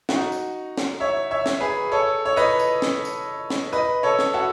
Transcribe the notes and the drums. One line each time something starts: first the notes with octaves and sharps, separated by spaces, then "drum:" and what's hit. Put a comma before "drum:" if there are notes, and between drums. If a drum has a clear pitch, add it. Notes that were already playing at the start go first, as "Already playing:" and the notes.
D#4 F#4, drum: snare
drum: tambourine
drum: snare
C#5 E5
C#5 E5
drum: snare
G#4 B4
A4 C#5
C#5
B4 D#5
drum: tambourine
drum: snare
drum: tambourine
drum: snare
B4 D#5
A4 C#5
drum: snare
F#4 A4